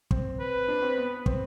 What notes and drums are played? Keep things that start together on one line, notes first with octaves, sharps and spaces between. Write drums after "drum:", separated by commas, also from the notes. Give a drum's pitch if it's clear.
C4, drum: kick
B4
D4
C4
B3
C4, drum: kick